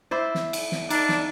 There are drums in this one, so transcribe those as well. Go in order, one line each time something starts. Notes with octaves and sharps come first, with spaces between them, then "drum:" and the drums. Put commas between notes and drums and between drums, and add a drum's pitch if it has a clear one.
E4 C5 D5
drum: snare
drum: cymbal
drum: snare
D4 D#4, drum: cymbal
drum: snare